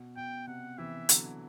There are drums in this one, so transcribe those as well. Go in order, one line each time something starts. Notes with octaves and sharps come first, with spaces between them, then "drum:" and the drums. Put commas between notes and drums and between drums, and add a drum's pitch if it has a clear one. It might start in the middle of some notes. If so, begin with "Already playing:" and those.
Already playing: B2
B2 G5
C3 F#5
C3 E3 E5
D3 F#3, drum: hi-hat